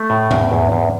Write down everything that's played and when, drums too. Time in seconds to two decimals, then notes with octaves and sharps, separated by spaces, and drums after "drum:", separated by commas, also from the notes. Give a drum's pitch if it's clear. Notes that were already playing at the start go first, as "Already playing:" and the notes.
Already playing: A3
0.10 A2
0.31 E2, drum: tom G#2
0.52 E2
0.72 E2